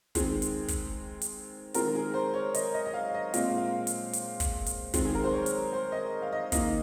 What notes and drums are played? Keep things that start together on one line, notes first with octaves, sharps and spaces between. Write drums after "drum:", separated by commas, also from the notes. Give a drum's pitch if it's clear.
D#3 G#3 C4 G#4, drum: kick, hi-hat
drum: hi-hat
drum: kick, hi-hat
drum: hi-hat
D#3 G#3 C4 A#4, drum: hi-hat
G#4
C5
C#5
D#5, drum: hi-hat
D#5
D#5
F5
D#5
A#2 G#3 C4 F5, drum: hi-hat
F5
drum: hi-hat
drum: hi-hat
drum: kick, hi-hat
drum: hi-hat
D#3 G#3 C4, drum: kick, hi-hat
G#4
A#4
C5
C#5
drum: hi-hat
C5
D#5
F5
D#5
D#3 A#3 D#5, drum: kick, hi-hat